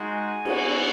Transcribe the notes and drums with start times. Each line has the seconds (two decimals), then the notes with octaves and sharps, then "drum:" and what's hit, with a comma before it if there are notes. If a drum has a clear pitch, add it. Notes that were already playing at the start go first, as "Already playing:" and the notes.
Already playing: G#3 D#4 F#4
0.11 G#5
0.45 B3 F#4, drum: cymbal